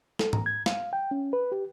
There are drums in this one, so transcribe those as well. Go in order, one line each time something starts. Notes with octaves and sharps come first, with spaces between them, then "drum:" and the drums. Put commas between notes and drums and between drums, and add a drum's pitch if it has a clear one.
A4, drum: snare
A#5, drum: tom G#2
G#6
F5, drum: snare
G5
C#4
B4
G4